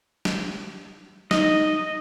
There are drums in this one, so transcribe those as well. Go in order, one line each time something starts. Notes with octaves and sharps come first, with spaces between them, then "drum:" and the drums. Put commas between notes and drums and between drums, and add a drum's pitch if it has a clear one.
drum: snare
D#4 D#5, drum: snare